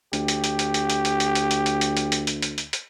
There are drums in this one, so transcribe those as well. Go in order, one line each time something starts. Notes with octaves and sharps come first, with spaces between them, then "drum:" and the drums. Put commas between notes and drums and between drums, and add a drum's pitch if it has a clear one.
D2 G4, drum: hi-hat
drum: hi-hat
drum: hi-hat
drum: hi-hat
drum: hi-hat
drum: hi-hat
drum: hi-hat
drum: hi-hat
drum: hi-hat
drum: hi-hat
drum: hi-hat
drum: hi-hat
drum: hi-hat
drum: hi-hat
drum: hi-hat
drum: hi-hat
drum: hi-hat
drum: hi-hat